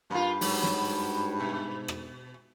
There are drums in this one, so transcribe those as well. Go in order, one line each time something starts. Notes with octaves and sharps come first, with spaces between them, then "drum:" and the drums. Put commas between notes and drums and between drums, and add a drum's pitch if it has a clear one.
G2 A#3 F4 B5
G#2 F#3, drum: open hi-hat
drum: snare
B2
drum: rim click